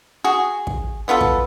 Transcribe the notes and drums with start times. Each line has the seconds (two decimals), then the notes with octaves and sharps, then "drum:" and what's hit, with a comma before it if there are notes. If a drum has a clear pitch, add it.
0.24 F#4 G#4
0.67 drum: kick
1.08 B2 B3 F4 A4
1.21 drum: kick